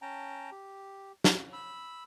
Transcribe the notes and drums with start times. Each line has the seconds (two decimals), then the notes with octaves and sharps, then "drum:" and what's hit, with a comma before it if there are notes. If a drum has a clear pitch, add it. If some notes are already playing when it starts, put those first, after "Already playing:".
0.02 C#4 G5 A5 A#5
0.51 G4
1.24 drum: snare
1.53 B5 E6